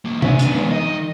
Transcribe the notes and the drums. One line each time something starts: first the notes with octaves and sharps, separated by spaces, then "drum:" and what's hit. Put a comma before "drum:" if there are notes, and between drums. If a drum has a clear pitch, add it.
E3 A#3
A3 D4 E5 G#5, drum: tom C3
B3 D4 G#5, drum: hi-hat
E3 G#3 B3 D#4
D#5